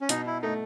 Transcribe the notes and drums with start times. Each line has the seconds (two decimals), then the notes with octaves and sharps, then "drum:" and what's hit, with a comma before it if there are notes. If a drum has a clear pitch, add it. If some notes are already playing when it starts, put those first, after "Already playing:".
0.01 C#4
0.09 B2 D#4, drum: hi-hat
0.27 E4
0.42 A3 D#4